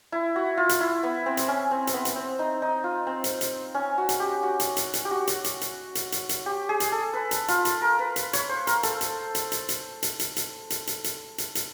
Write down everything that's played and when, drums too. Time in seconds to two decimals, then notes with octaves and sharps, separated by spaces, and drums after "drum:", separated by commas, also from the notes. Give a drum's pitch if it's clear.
0.12 E4
0.36 F#4
0.57 F4
0.69 drum: hi-hat
0.81 E4
1.03 B3
1.26 C4
1.37 drum: hi-hat
1.48 C#4
1.71 C4
1.87 C4, drum: hi-hat
1.94 B3
2.05 drum: hi-hat
2.16 C4
2.39 D#4
2.62 D#4
2.84 F4
3.07 C4
3.24 drum: hi-hat
3.41 drum: hi-hat
3.75 C#4
3.98 F#4
4.09 drum: hi-hat
4.20 G4
4.43 F#4
4.60 drum: hi-hat
4.77 drum: hi-hat
4.94 drum: hi-hat
5.05 G4
5.11 F#4
5.27 drum: hi-hat
5.44 drum: hi-hat
5.61 drum: hi-hat
5.95 drum: hi-hat
6.12 drum: hi-hat
6.29 drum: hi-hat
6.46 G4
6.69 G#4
6.80 drum: hi-hat
6.92 A4
7.13 B4
7.31 drum: hi-hat
7.48 F4, drum: hi-hat
7.65 drum: hi-hat
7.82 A#4
7.99 B4
8.16 drum: hi-hat
8.33 C#5, drum: hi-hat
8.49 C5
8.67 A#4, drum: hi-hat
8.83 A4, drum: hi-hat
9.01 drum: hi-hat
9.35 drum: hi-hat
9.52 drum: hi-hat
9.69 drum: hi-hat
10.03 drum: hi-hat
10.19 drum: hi-hat
10.36 drum: hi-hat
10.70 drum: hi-hat
10.87 drum: hi-hat
11.04 drum: hi-hat
11.38 drum: hi-hat
11.55 drum: hi-hat